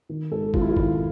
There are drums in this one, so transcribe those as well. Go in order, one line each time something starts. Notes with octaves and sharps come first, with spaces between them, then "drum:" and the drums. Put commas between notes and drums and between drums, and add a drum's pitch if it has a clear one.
D#3
G#1 A4
G#1 F4, drum: kick
E4
F4
D#3 E4, drum: kick